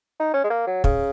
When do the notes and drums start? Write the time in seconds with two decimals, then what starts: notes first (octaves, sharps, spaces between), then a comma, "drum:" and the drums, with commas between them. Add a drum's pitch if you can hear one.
0.20 D#4
0.34 C#4
0.44 G#3
0.50 A#3
0.67 F#3
0.84 C#3, drum: kick